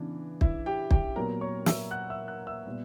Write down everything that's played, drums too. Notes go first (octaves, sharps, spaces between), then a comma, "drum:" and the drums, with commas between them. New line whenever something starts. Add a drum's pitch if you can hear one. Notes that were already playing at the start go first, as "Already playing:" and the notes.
Already playing: C#3 E3 B3 D4
E4 E5, drum: kick
G4 G5
G4 G5, drum: kick
A#2 F#3 B3 A#4 A#5
C#5 C#6
E5 E6, drum: snare
F#5 F#6
E5 E6
F#5 F#6
E5 E6
A#2 G3 B3